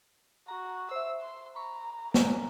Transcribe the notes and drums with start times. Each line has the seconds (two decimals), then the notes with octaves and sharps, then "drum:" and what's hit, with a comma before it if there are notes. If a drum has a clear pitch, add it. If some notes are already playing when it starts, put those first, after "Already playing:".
0.48 F#4 A#5
0.91 C5 E5 E6
1.22 C6
1.56 A#5 B5 C#6
2.14 A#4 G#5, drum: snare